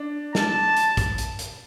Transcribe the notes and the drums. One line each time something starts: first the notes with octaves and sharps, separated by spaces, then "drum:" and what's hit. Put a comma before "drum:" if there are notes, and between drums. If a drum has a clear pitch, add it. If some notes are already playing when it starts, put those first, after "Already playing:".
Already playing: D4
A5, drum: snare
drum: hi-hat
drum: kick, hi-hat
drum: hi-hat
drum: hi-hat